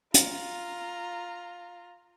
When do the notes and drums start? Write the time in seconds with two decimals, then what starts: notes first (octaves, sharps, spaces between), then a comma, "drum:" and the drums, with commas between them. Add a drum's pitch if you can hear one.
0.14 F4 A#5, drum: hi-hat